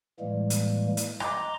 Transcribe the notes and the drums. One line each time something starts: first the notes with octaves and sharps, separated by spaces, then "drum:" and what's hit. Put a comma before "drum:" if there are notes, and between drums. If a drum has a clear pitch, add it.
A2 E3 G3 G#3 A#3
drum: hi-hat
drum: hi-hat
D#5 A#5 C6 D6, drum: rim click